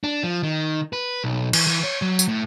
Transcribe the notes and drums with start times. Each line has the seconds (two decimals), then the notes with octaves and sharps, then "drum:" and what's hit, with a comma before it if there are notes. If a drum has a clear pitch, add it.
0.04 D4
0.23 F3
0.43 D#3
0.93 B4
1.24 B1
1.53 E3, drum: cymbal
1.67 E3
1.83 C#5
2.02 F#3
2.19 drum: tambourine
2.28 A2